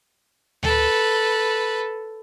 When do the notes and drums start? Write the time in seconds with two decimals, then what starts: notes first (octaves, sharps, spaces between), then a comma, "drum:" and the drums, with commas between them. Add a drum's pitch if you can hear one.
0.63 A4 B4, drum: tom D2